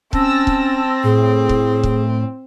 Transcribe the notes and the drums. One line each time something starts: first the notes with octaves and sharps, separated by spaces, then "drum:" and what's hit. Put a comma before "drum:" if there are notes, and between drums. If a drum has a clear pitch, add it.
C4 C#4 A5 E6 A#6, drum: kick C#1
drum: kick C#1
A2 G#4
drum: kick C#1
drum: kick C#1